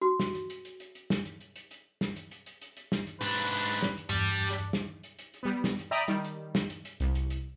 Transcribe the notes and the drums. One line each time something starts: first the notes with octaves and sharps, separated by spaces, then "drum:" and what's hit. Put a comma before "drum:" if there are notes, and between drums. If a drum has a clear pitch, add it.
F#4
drum: snare
drum: hi-hat
drum: hi-hat
drum: hi-hat
drum: hi-hat
drum: hi-hat
drum: snare
drum: hi-hat
drum: hi-hat
drum: hi-hat
drum: hi-hat
drum: snare
drum: hi-hat
drum: hi-hat
drum: hi-hat
drum: hi-hat
drum: hi-hat
drum: snare
drum: hi-hat
G#2 D4 B4, drum: hi-hat
drum: hi-hat
drum: hi-hat
drum: hi-hat
drum: snare
drum: hi-hat
E2 G2 G3 D4
drum: hi-hat
drum: hi-hat
drum: hi-hat
drum: snare
drum: hi-hat
drum: hi-hat
drum: hi-hat
G3 B3
drum: snare
drum: hi-hat
D5 E5 G5 A#5 B5 D#6
D#3 G3, drum: hi-hat
drum: hi-hat
drum: snare
drum: hi-hat
drum: hi-hat
C2, drum: hi-hat
drum: hi-hat
drum: hi-hat